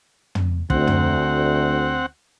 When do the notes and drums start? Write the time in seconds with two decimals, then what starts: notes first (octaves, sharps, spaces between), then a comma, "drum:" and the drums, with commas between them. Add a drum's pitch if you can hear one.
0.35 drum: tom
0.70 D2 C4 F#5, drum: kick
0.87 drum: tom